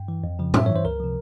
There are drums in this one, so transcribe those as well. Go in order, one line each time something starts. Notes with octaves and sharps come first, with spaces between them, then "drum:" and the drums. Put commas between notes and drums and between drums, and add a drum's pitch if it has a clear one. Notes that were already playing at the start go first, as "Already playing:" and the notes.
Already playing: G2 G5
E3
F2
C#3 F3
G2 E5, drum: tom A2
E3 C#5
C5
C#2 A#4
C3 F3